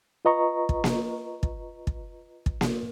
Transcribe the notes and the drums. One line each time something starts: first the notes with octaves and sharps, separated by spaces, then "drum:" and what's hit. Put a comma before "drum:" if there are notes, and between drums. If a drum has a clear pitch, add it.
F4 B4 D#5 A#5 C#6
drum: kick
drum: snare A#3
drum: kick
drum: kick
drum: kick
drum: snare A#3